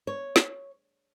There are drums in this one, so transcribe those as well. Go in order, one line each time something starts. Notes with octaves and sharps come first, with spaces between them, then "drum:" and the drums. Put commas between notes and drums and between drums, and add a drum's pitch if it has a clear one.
C#5
drum: snare